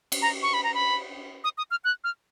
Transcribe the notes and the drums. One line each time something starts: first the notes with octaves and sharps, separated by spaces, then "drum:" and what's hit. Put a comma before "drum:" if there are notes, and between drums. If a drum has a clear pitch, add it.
drum: cymbal
A#5
C#6
B5
A#5
B5
D#6
D#6
F6
F#6
F6